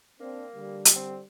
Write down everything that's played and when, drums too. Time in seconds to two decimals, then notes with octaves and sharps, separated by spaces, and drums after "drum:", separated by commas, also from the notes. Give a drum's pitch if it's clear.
0.20 A#3 C4 D4
0.54 D3 G3
0.85 drum: hi-hat
0.96 C4